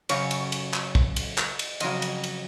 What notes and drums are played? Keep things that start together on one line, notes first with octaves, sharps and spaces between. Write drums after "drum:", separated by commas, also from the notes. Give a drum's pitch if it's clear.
F#2 C#3 C#5, drum: cymbal
drum: cymbal
drum: cymbal
drum: clap
drum: kick
drum: cymbal
drum: clap
drum: cymbal
F2 C#3 F#3 D#5, drum: cymbal
drum: cymbal
drum: cymbal